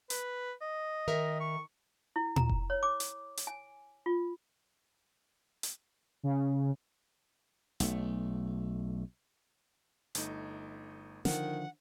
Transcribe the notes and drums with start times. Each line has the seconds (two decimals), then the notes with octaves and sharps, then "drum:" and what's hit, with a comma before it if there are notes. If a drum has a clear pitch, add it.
0.10 B4, drum: hi-hat
0.61 D#5
1.08 D#3 A#4 E5
1.40 C#6
2.16 E4
2.36 A#5, drum: tom A#2
2.49 drum: kick F1
2.70 C#5
2.83 D6
3.00 drum: hi-hat
3.37 drum: hi-hat
3.47 G#5
4.06 F4
5.63 drum: hi-hat
6.23 C#3
7.80 B1 A3, drum: hi-hat
10.15 G1 A3 D#4, drum: hi-hat
11.25 D3 D#3 F3 F#5, drum: snare